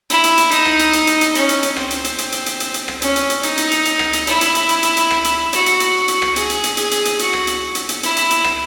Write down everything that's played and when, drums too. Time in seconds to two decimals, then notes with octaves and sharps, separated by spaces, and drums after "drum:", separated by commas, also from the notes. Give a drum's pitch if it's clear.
0.10 E4, drum: hi-hat
0.24 drum: hi-hat
0.38 drum: hi-hat
0.51 D#4, drum: hi-hat
0.65 drum: rim click
0.79 drum: hi-hat
0.93 drum: hi-hat
1.07 drum: hi-hat
1.21 drum: hi-hat
1.35 C#4, drum: hi-hat
1.49 drum: hi-hat
1.63 drum: hi-hat
1.77 C4, drum: rim click
1.91 drum: hi-hat
2.04 drum: hi-hat
2.18 drum: hi-hat
2.32 drum: hi-hat
2.46 drum: hi-hat
2.60 drum: hi-hat
2.74 drum: hi-hat
2.88 drum: rim click
3.02 C#4, drum: hi-hat
3.16 drum: hi-hat
3.30 drum: hi-hat
3.43 D#4, drum: hi-hat
3.57 drum: hi-hat
3.71 drum: hi-hat
3.85 drum: hi-hat
3.99 drum: rim click
4.13 drum: hi-hat
4.27 E4, drum: hi-hat
4.41 drum: hi-hat
4.55 drum: hi-hat
4.69 drum: hi-hat
4.83 drum: hi-hat
4.97 drum: hi-hat
5.11 drum: rim click
5.24 drum: hi-hat
5.53 F#4, drum: hi-hat
5.66 drum: hi-hat
5.80 drum: hi-hat
6.08 drum: hi-hat
6.22 drum: rim click
6.36 G#4, drum: hi-hat
6.50 drum: hi-hat
6.64 drum: hi-hat
6.77 G#4, drum: hi-hat
6.91 drum: hi-hat
7.05 drum: hi-hat
7.19 F#4, drum: hi-hat
7.33 drum: rim click
7.47 drum: hi-hat
7.75 drum: hi-hat
7.89 drum: hi-hat
8.03 E4, drum: hi-hat
8.17 drum: hi-hat
8.30 drum: hi-hat
8.44 drum: rim click